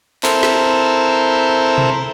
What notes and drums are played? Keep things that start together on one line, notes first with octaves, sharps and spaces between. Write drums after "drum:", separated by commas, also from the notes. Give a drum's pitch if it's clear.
C4 E4 A4 A#4 C5, drum: clap
drum: snare
drum: tom B2